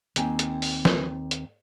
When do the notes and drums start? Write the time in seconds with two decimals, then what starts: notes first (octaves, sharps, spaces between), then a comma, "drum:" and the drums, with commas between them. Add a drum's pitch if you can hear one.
0.16 D#2 C4 G5 G#5, drum: hi-hat
0.39 drum: hi-hat
0.62 drum: open hi-hat
0.85 drum: snare
1.31 drum: hi-hat